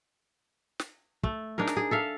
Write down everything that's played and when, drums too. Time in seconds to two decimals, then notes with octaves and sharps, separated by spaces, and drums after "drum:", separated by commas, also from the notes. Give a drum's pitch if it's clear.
0.79 drum: snare
1.23 A3, drum: kick
1.58 D4 D#4 G#4 A#4
1.67 drum: snare
1.77 G#4
1.91 A4 E5 F5